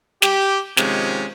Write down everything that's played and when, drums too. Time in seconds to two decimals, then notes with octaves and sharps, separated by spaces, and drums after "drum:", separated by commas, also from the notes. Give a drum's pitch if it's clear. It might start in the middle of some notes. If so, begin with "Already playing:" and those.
0.22 G4, drum: snare
0.77 C3 D#3 F3 G#3 C#4, drum: snare